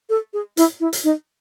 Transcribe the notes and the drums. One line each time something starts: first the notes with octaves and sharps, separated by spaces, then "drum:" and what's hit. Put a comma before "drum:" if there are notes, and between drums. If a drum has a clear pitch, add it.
A4
G#4
E4, drum: hi-hat
E4
drum: hi-hat
D#4